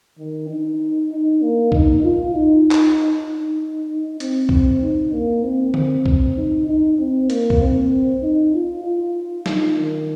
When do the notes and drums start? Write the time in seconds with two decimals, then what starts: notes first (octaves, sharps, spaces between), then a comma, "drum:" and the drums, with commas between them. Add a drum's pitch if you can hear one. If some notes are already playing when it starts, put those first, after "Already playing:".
0.18 D#3
0.49 D#4
1.11 D#4
1.42 A#3
1.72 D#4, drum: kick B1
2.03 F4
2.34 D#4
2.72 drum: clap
3.26 D#4
3.89 D#4
4.20 C4, drum: hi-hat
4.49 drum: kick B1
4.82 D#4
5.13 A#3
5.43 C4
5.74 C4, drum: tom D3
6.06 drum: kick B1
6.36 D#4
6.67 D#4
6.98 C4
7.30 A#3, drum: hi-hat
7.50 drum: kick B1
7.60 C4
8.22 D#4
8.53 F4
8.84 F4
9.46 D#4, drum: snare
9.77 D#3